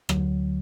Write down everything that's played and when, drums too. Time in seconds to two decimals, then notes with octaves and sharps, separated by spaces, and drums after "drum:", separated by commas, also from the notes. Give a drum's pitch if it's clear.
0.09 D2 D3 F#3, drum: rim click